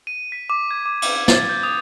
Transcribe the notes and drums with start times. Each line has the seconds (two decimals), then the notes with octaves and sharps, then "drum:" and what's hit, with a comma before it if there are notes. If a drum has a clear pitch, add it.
0.07 D#7
0.32 B6
0.50 D6
0.71 G#6
0.86 D6
1.02 D6, drum: cymbal
1.16 G#6
1.28 A6, drum: snare
1.49 G6
1.63 D#6